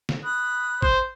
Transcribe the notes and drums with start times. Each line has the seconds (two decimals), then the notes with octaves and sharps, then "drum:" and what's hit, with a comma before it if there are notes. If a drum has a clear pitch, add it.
0.09 drum: snare
0.24 B5 D#6 F#6
0.82 C5, drum: kick G#1